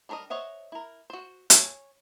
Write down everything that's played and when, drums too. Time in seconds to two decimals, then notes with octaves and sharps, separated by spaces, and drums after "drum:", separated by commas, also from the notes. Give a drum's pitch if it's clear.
0.09 G3 D4 A#4 C5 D#5
0.30 C5 C#5 D#5 E5 F#5
0.72 E4 A#4
1.10 F#4 C5
1.50 C#5 G#5, drum: hi-hat